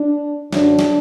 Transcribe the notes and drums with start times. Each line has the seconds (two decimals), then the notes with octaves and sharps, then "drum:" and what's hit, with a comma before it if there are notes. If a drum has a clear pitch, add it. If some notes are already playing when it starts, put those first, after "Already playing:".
Already playing: D4
0.53 F#2 D3 F#3 D4, drum: snare
0.79 drum: snare